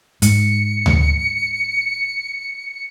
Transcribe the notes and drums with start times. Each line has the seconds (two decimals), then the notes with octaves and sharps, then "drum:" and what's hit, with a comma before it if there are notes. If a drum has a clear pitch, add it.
0.22 G#2 C#7, drum: hi-hat
0.86 drum: tom D2